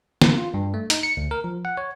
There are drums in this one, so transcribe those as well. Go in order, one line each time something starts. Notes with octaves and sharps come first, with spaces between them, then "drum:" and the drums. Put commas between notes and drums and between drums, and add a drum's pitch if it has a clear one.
A#3, drum: snare
F4
G2
A3
D#4, drum: hi-hat
C#7
D2
A#4
F3
F#5
C#5